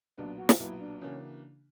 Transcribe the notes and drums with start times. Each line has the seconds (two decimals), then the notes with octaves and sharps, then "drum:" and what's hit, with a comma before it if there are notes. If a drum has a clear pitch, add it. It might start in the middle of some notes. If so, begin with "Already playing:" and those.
0.18 B1 A#2 F#3 B3 D4
0.38 F#4
0.49 drum: snare
0.59 B1 A#2 F#3 B3 E4
0.80 D4
1.01 C#3 E3 A#3 C#4 D4 F#4